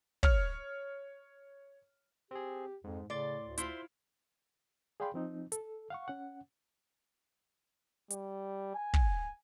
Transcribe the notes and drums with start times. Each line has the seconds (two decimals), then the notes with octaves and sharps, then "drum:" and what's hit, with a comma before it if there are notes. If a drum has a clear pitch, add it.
0.23 C#5 F6, drum: kick
2.31 C4 G4 G#4
2.84 F2 G#2
3.10 A2 C#3 D5 C6 A6
3.43 D2
3.58 E4 F4 C5 E5 C6, drum: hi-hat
5.00 G#4 D5 F5 G5 B5 C6
5.14 F3 C4 D#4
5.52 A4, drum: hi-hat
5.90 F5 F#5 C#6
6.08 C#4 F#5
8.10 G3, drum: hi-hat
8.75 G#5
8.94 drum: kick